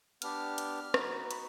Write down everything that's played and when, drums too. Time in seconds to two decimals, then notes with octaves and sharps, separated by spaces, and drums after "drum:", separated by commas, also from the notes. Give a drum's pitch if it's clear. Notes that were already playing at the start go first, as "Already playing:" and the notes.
0.22 B3 D4 G4 F6, drum: hi-hat
0.58 drum: hi-hat
0.94 B3 D#4 F#4, drum: rim click
1.31 B5, drum: hi-hat